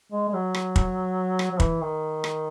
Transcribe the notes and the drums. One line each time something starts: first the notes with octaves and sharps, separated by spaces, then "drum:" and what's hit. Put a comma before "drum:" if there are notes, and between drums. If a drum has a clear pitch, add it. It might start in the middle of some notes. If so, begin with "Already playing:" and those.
G#3
G#3
F#3
drum: rim click
drum: kick
drum: rim click
F#3
E3, drum: kick
D#3
drum: rim click